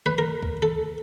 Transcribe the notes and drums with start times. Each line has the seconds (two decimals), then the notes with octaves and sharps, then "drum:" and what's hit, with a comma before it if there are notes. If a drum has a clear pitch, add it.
0.06 B4
0.18 A#4
0.43 drum: kick C#2
0.62 A4